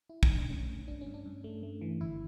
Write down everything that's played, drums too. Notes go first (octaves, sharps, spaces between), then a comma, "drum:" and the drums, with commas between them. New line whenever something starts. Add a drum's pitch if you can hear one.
E4
D#4, drum: kick
D4
A3 C#4
G2
G2 D4
C#4
G2
D4
G2
A3
A3
E3
G1 E4